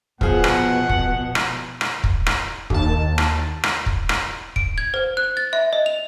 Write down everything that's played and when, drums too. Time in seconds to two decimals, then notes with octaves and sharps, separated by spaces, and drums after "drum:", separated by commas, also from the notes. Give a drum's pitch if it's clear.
0.21 B2 F3 G#4 F#5, drum: kick
0.44 drum: rim click
0.89 drum: kick
1.35 drum: rim click
1.81 drum: rim click
2.04 drum: kick
2.26 drum: rim click
2.70 D#2 A5, drum: kick
3.18 drum: rim click
3.63 drum: rim click
3.86 drum: kick
4.09 drum: rim click
4.56 D7, drum: kick
4.78 G#6
4.94 C5
5.17 F#6
5.37 A6
5.53 E5
5.73 D#5
5.86 F7